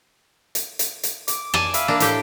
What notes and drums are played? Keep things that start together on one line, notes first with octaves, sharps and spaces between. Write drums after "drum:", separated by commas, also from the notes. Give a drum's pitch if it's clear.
drum: hi-hat
drum: hi-hat
drum: hi-hat
D6, drum: hi-hat
D5 G#5 A5, drum: rim click
E5 F5 B5, drum: hi-hat
A#3 D4
A2 G4 G5, drum: hi-hat